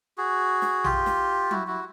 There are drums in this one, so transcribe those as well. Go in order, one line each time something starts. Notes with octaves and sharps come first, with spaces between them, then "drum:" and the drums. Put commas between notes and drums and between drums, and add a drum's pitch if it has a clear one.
F#4 G#4
drum: snare
F4 G4, drum: tom A#1
drum: snare
E4 F#4, drum: tom F#3
E4 F#4